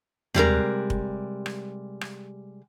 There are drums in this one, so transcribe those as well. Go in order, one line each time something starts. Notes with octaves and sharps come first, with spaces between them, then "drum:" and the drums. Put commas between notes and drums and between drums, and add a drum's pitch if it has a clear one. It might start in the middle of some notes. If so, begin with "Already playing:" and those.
C3 G3 G#3 A#4, drum: tom
drum: kick
drum: rim click
drum: rim click